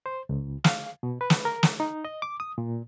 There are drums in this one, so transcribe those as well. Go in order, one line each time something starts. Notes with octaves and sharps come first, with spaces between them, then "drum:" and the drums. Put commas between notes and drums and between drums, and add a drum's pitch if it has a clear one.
C5
C#2
F5, drum: snare
B2
B4
drum: snare
A#4
drum: snare
D#4
D#5
D6
D#6
A#2